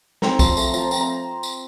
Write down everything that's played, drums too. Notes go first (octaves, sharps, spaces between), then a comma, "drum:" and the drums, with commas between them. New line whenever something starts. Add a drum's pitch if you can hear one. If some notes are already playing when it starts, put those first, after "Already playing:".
C4 A#5, drum: snare
F3 C6, drum: kick, tambourine
A3 A#5, drum: tambourine
F3 A#5, drum: tambourine
C4, drum: tambourine
A#5
drum: tambourine